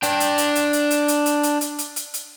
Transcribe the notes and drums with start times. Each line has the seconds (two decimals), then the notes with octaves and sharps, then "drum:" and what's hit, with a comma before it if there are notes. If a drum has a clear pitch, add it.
0.03 D4 G5, drum: hi-hat
0.20 drum: hi-hat
0.38 drum: hi-hat
0.55 drum: hi-hat
0.73 drum: hi-hat
0.91 drum: hi-hat
1.08 drum: hi-hat
1.26 drum: hi-hat
1.43 drum: hi-hat
1.61 drum: hi-hat
1.78 drum: hi-hat
1.96 drum: hi-hat
2.14 drum: hi-hat